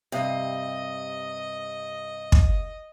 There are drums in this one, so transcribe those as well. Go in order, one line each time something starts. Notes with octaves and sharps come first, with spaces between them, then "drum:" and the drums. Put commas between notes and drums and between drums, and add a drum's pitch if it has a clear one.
G2 C3 D#5
drum: kick